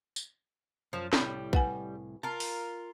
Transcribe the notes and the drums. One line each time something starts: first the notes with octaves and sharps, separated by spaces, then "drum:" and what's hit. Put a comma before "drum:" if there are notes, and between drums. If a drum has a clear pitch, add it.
drum: tambourine
F#2 F3
C2 A2 G3 B5, drum: snare
B4 F#5 G#5, drum: kick
F4 A#4 A5
drum: open hi-hat